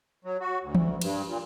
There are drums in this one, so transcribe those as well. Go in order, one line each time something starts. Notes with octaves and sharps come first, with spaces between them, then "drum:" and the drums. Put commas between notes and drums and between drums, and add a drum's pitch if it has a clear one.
F#3
F#4
D2
drum: tom
G2, drum: cymbal
A#2